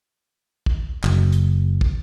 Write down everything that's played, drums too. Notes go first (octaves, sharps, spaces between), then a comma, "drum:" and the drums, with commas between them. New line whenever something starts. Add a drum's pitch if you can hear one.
drum: kick
F#1, drum: clap
drum: hi-hat
drum: kick